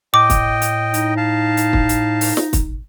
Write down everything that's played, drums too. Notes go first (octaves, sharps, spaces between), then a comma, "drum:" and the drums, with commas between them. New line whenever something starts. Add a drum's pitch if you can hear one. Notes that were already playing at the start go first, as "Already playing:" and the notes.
A2 D#5 G5 D6
drum: kick, hi-hat
drum: hi-hat
D#4, drum: hi-hat
F5 A5
drum: hi-hat
drum: kick
drum: hi-hat
drum: open hi-hat
drum: snare
drum: kick, hi-hat